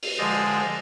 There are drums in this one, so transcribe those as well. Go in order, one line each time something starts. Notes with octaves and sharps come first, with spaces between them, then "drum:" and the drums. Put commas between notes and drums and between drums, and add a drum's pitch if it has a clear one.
drum: open hi-hat
D3 F3 G#3 C5 D5 D#5